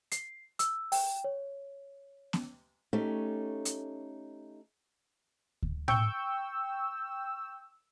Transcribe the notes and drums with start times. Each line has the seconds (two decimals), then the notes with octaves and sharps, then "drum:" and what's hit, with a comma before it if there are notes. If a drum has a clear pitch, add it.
0.12 C7, drum: hi-hat
0.59 E6, drum: hi-hat
0.92 G5, drum: open hi-hat
1.24 C#5
2.33 drum: snare
2.93 A3 C#4 D#4 G4
3.65 drum: hi-hat
5.63 drum: kick D2
5.88 G5 C#6 E6 G6, drum: tom A2